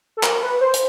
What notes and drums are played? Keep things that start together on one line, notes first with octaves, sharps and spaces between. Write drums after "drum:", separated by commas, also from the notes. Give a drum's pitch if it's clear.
A4
A#4, drum: clap
B4
C5
drum: hi-hat